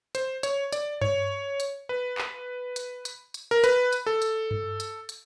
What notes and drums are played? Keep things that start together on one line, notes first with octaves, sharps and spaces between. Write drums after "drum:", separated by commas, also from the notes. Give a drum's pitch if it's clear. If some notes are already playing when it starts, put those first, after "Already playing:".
C5, drum: hi-hat
C#5, drum: hi-hat
D5, drum: hi-hat
C#5, drum: tom G2
drum: hi-hat
B4
drum: clap
drum: hi-hat
drum: hi-hat
drum: hi-hat
A#4
B4, drum: hi-hat
drum: hi-hat
A4
drum: hi-hat
drum: tom G2
drum: hi-hat
drum: hi-hat